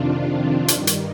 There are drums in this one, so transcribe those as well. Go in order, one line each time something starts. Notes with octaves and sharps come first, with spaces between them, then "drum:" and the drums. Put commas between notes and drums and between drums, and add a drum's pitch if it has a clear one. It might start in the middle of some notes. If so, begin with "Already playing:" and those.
Already playing: F2 C3 D#3 D4 F4
D#3, drum: hi-hat
G2
drum: hi-hat